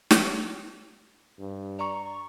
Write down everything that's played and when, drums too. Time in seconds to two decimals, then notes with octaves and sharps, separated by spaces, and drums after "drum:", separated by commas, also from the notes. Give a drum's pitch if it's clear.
0.11 drum: snare
1.39 G2
1.79 D5 A#5 C#6